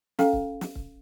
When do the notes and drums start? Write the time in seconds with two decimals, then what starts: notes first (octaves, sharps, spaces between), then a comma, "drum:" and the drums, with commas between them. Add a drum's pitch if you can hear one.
0.19 C#4 A4 F5 G5, drum: snare
0.33 drum: kick C#1
0.61 drum: snare
0.75 drum: kick C#1